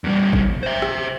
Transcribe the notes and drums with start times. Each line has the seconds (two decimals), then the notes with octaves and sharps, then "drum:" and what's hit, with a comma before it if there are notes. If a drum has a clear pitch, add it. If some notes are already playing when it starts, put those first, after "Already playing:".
0.04 E2 G3
0.33 drum: kick
0.63 C5 E5
0.82 drum: rim click